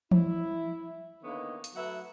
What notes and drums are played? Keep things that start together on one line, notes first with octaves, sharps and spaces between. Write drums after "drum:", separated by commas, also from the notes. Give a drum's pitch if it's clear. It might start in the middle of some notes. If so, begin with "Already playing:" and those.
E4, drum: tom E3
D3 D#3 A#3 B3 C#5
drum: hi-hat
F#3 A3 B4 E5 F#5